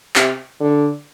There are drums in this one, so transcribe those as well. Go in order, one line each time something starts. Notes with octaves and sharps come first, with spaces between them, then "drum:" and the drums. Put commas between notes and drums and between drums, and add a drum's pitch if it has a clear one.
C3, drum: clap
D3